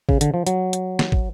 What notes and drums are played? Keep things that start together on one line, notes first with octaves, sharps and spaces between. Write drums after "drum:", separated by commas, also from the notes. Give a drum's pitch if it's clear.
C#3, drum: kick
D3, drum: hi-hat
F3
F#3, drum: hi-hat
drum: hi-hat
drum: snare
drum: kick